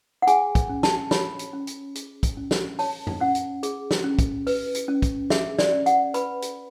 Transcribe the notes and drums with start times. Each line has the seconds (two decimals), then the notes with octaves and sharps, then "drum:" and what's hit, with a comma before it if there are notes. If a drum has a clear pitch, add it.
0.22 F#5
0.27 G#4 G#5, drum: hi-hat
0.55 drum: kick, hi-hat
0.69 C#4
0.83 A5, drum: snare
1.11 C#5 B5, drum: snare
1.39 drum: hi-hat
1.53 C#4
1.67 drum: hi-hat
1.95 G#4, drum: hi-hat
2.23 drum: kick, hi-hat
2.37 C#4
2.51 drum: snare
2.79 C#5 A5, drum: open hi-hat
3.07 drum: tom F2
3.21 C#4 F#5
3.35 drum: hi-hat
3.63 G#4, drum: hi-hat
3.91 drum: snare
4.04 C#4
4.19 drum: kick, hi-hat
4.47 B4, drum: open hi-hat
4.74 drum: hi-hat
4.88 C#4
5.02 drum: kick, hi-hat
5.30 G#4 E5, drum: snare
5.59 D5, drum: snare
5.72 C#4
5.86 F#5, drum: hi-hat
6.14 B4 B5, drum: hi-hat
6.42 drum: hi-hat